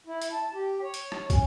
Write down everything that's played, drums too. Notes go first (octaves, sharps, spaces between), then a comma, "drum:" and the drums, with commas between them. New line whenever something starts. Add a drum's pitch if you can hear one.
E4
drum: hi-hat
A5
G4
C#5
drum: hi-hat
drum: rim click
C#4, drum: kick, hi-hat